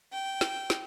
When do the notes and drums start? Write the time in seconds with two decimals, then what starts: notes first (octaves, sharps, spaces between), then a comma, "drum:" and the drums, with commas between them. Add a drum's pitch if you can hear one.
0.12 G5
0.41 drum: snare
0.70 drum: snare